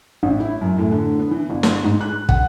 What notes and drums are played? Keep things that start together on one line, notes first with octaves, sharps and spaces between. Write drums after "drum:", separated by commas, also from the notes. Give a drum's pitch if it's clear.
A1
E4
F#2
A2
D3
B3
E3
G1
drum: snare
G#2
F#6
F#5, drum: kick